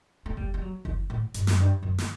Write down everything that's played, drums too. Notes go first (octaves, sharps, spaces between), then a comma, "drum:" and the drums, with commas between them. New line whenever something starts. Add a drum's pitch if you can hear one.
A3
G3, drum: kick F#1
G3
F#3
E3, drum: kick F#1
A2
G2, drum: hi-hat
F#2, drum: snare
G2
F#2
drum: snare